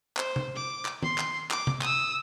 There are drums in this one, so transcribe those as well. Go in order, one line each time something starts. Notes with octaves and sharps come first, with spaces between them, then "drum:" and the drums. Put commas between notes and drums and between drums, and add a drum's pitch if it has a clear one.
C5, drum: clap
drum: tom C3
D6
drum: clap
C6 C7, drum: tom D#3
drum: clap
D6, drum: clap
drum: tom C3
D#6 E6, drum: clap